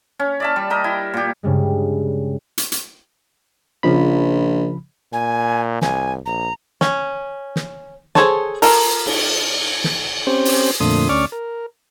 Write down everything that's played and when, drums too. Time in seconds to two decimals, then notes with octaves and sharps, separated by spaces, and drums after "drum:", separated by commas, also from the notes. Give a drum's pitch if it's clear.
0.19 C#4
0.40 D5 E5 A5
0.56 G3
0.70 G4 A#4 D#5
0.84 E4
1.14 A#2 G4
1.43 G2 C#3 G3 G#3
2.58 drum: hi-hat
2.72 drum: hi-hat
3.83 A#1 C#3 F3 B5
5.13 A#2 G#5
5.81 C2 G#5, drum: snare
6.26 A#1 A#5
6.81 C#4, drum: snare
7.56 drum: snare
8.15 G#4 A4 C5 C#5 A5, drum: snare
8.62 F4 A4 A#4, drum: open hi-hat
9.06 drum: cymbal
9.84 drum: snare
10.27 C4 C#4 G4 C5
10.45 drum: open hi-hat
10.80 F2 A#2 D3 A3 C6 D#6
11.09 D2 C#4 D5 C#6 D6 F6
11.32 A#4